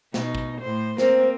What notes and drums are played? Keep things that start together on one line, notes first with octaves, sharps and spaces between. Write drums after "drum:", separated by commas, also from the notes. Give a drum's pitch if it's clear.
B2 D#4, drum: snare
drum: kick
A2 C5
A#3 C4 A#4 C5, drum: snare